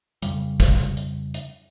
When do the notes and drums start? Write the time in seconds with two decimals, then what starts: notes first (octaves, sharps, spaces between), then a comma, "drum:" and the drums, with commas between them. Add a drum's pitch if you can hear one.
0.22 F2 C#3 G3, drum: hi-hat
0.60 drum: kick, hi-hat
0.97 drum: hi-hat
1.34 drum: hi-hat